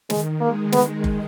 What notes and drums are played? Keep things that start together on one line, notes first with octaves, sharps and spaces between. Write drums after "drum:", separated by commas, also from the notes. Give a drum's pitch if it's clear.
D#3 G#3, drum: snare
G#3 A#3
B3, drum: snare
drum: kick F#1